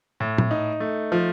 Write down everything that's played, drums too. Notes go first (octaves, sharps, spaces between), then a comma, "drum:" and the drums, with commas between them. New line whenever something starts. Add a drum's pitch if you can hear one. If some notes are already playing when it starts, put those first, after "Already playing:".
A2
drum: tom A#2
D#4
A3
F3